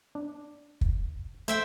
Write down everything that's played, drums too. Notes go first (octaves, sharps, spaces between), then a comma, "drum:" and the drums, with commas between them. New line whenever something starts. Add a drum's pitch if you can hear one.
D4
drum: kick
A3 C5 E5 G5